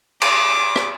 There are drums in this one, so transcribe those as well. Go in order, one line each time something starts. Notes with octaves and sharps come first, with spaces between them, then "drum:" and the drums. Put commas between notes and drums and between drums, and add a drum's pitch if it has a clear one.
D6, drum: cymbal
drum: rim click